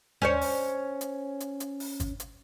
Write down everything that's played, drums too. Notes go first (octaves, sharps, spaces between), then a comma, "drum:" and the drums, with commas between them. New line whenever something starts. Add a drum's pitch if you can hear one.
C#4 C5 C#5, drum: tom D#2
drum: open hi-hat
drum: hi-hat
drum: hi-hat
drum: hi-hat
drum: open hi-hat
drum: kick, hi-hat
drum: hi-hat